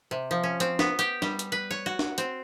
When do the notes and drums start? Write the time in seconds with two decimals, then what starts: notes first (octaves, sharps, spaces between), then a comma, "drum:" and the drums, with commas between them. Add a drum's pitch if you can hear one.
0.11 C3
0.31 F3
0.43 C#4
0.60 C4, drum: hi-hat
0.79 B3, drum: snare D4
0.99 G4, drum: hi-hat
1.22 G3, drum: snare D4
1.39 drum: hi-hat
1.52 B4
1.71 C#5
1.86 F#4
1.99 drum: snare D4
2.18 C4, drum: hi-hat